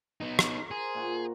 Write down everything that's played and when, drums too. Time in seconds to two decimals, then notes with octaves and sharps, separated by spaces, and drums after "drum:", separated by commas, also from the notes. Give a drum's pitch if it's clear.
0.21 B3 D#4
0.39 drum: rim click
0.58 A#4
0.71 G#4 C5
0.95 A#2 F#5 C#6